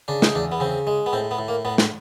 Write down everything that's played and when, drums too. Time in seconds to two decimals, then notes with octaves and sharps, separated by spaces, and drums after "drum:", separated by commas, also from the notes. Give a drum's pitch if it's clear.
0.08 C#3 D4
0.22 D#4, drum: snare
0.35 E2 D4
0.52 B3
0.60 C#3 C4
0.87 G#3
1.06 B3
1.13 A2 C4
1.31 B3
1.39 A2
1.48 A#3
1.65 A2 B3
1.78 drum: snare